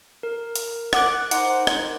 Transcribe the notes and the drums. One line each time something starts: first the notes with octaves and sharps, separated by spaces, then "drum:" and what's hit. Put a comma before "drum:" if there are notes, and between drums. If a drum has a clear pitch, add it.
A#4
drum: hi-hat
F#5 D6 F#6, drum: rim click
D#4 A#4 C5 F#5, drum: hi-hat
drum: rim click